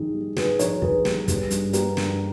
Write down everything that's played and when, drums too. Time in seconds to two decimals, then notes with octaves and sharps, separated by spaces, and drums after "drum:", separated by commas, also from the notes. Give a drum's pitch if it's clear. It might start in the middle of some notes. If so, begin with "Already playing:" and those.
Already playing: A#1 G#2 D#3 G#4
0.14 G3
0.36 G#2 G#4 B4, drum: snare
0.59 A#1 A#4 C#5, drum: hi-hat
0.73 C#5
0.82 D#3 G#4 B4, drum: kick
1.05 G3, drum: snare
1.28 G3, drum: kick, hi-hat
1.50 G2, drum: hi-hat
1.73 A#3 G4 A#4, drum: hi-hat
1.97 G2, drum: snare